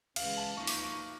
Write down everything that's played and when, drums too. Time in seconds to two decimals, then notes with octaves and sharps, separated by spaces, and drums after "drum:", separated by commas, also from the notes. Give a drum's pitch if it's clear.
0.16 C#3 E3 G#3 F5, drum: cymbal
0.37 A5
0.57 F3 A#3 D#4 C#6
0.67 D6, drum: open hi-hat
0.78 C#6